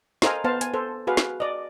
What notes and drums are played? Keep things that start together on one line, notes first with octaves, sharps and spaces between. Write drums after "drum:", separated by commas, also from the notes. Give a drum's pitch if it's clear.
A4 A#4 C5 D#5 F5 G#5, drum: snare
B3 C5 F5 A5
G#5, drum: hi-hat
A4 C5
F#4 G#4 B4 F5
drum: snare
D5 D#5